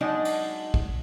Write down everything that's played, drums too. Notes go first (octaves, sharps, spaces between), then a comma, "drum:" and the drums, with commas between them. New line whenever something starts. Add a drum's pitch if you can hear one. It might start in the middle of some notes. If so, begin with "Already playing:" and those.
F#3 G#3 D4 D#4 D#5
drum: cymbal
drum: kick A#1